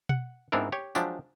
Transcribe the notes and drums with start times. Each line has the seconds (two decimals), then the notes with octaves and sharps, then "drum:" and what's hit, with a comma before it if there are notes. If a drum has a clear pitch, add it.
0.09 F#5, drum: tom B2
0.52 G#2 B3 C4 D4 E4 A#4
0.72 G4 C#5
0.95 F3 F#3 G#3 D4 G4, drum: tambourine